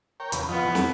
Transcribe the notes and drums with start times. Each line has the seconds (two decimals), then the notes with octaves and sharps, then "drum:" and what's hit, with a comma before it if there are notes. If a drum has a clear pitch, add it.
0.20 A#4 C#5 G5
0.32 E2 C#3 B4, drum: hi-hat
0.49 F2 B3 F4 D#5
0.65 F2 E3
0.75 drum: snare